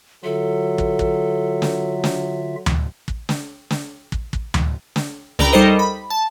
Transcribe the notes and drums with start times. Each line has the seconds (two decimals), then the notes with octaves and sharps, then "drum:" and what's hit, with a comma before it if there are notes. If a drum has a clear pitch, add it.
0.24 D3 F#3 F4 A4 E5
0.78 drum: kick
0.99 drum: kick
1.62 drum: snare
2.04 drum: snare
2.66 drum: tom D2
3.08 drum: kick
3.29 drum: snare
3.70 drum: snare
4.12 drum: kick
4.33 drum: kick
4.54 drum: tom D2
4.96 drum: snare
5.39 C#2 A#4 D5 G5 A#5 B5, drum: snare
5.53 G3 D#4 A4 A#4 C5 D#5
5.79 B5
6.10 A5